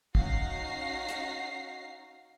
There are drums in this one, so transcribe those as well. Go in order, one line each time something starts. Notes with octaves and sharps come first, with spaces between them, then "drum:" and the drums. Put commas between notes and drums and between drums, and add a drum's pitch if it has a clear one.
C#4 D#4 F#4 F5 A#6 C7, drum: kick
drum: hi-hat